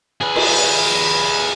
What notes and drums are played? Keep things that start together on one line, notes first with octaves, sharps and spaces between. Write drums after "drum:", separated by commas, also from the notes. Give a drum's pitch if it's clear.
G#4 B4
drum: cymbal